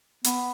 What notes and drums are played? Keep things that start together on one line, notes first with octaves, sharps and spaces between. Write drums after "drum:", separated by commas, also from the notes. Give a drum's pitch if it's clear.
B3, drum: hi-hat